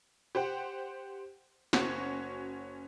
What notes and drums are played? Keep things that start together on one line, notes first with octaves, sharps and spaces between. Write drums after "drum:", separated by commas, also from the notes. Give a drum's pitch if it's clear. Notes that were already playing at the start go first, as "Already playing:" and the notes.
G4 C5 F#5 G5
F#1 C#4 F#4, drum: snare